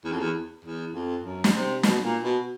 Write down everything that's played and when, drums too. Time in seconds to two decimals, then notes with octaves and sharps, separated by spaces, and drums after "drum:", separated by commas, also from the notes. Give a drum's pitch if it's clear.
0.05 E2
0.13 F2
0.20 E2
0.65 E2
0.94 F2
1.24 F#2
1.44 drum: snare
1.54 C3
1.83 B2, drum: snare
2.03 A#2
2.23 B2